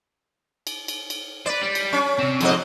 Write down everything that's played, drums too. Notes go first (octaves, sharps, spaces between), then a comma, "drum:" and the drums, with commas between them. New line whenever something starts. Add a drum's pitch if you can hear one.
drum: cymbal
drum: cymbal
drum: cymbal
B4 C5 D5
G3
drum: cymbal
C#4
C3 C4
F2 G#2 D#5, drum: cymbal